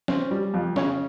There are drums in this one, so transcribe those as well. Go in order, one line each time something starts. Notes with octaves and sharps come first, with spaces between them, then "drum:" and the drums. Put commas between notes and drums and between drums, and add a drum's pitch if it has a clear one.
C4 C#4 C5, drum: snare
G3
F2
C#3 C#4 C#5, drum: snare